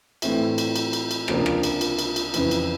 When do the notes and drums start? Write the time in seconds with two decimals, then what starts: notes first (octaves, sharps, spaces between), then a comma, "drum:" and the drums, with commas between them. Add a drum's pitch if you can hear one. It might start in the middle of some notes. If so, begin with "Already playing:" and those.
0.22 A2 E3 A3 C4 E4, drum: cymbal
0.58 drum: cymbal
0.76 drum: cymbal
0.93 drum: cymbal
1.11 drum: cymbal
1.28 C#2 C3 F3 A#3 D4, drum: rim click
1.46 drum: rim click
1.63 drum: cymbal
1.81 drum: cymbal
1.99 drum: cymbal
2.16 drum: cymbal
2.34 F2 C#3 E3, drum: cymbal
2.51 drum: cymbal